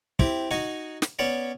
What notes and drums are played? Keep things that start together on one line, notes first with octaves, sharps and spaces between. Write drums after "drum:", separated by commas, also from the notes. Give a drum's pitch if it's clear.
C4 E4 G4, drum: kick
D#4 F#4 G#5
drum: snare
B3 C#4 C#5 D5